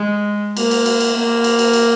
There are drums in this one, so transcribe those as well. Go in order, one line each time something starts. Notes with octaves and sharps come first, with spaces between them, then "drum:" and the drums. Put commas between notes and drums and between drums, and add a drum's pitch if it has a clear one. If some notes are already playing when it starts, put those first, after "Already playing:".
Already playing: G#3
A#3, drum: cymbal
drum: cymbal
drum: cymbal
drum: cymbal
A#3
drum: cymbal
drum: cymbal
drum: cymbal